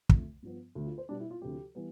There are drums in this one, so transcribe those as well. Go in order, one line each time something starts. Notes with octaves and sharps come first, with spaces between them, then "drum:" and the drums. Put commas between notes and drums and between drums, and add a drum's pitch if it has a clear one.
F2 D3 A3, drum: kick
G2 F3 B3
D2 D3 A3
F4
C5
B2 G3 B3 D4
E4
F4
D2 C3 F3 G4
E3 G3 B3